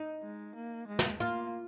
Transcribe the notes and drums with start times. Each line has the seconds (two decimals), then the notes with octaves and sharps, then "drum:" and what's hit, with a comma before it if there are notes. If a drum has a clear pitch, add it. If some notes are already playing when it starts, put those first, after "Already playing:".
Already playing: D#4
0.23 G#3
0.56 A#3
0.88 G#3
0.99 drum: snare
1.20 A#3 F4